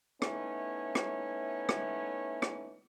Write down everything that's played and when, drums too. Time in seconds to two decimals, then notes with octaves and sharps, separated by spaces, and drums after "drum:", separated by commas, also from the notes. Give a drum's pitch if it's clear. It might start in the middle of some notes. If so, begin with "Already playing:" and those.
0.22 A3 B3 C#4 D#4 E4 C#5, drum: rim click
0.95 drum: rim click
1.69 drum: rim click
2.42 drum: rim click